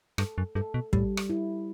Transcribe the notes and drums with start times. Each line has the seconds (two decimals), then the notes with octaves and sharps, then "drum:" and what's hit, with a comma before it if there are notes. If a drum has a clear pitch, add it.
0.18 G2 A4, drum: rim click
0.38 F#2
0.55 G2 A4
0.74 B2
0.93 A2 G3, drum: kick
1.17 drum: rim click
1.30 E4